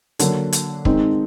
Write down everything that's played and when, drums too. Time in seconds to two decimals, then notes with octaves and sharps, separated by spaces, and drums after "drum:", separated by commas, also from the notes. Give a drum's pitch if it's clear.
0.19 D3 F#3 A#3, drum: hi-hat
0.53 drum: hi-hat
0.85 D#3 G#3 C4 D#4, drum: kick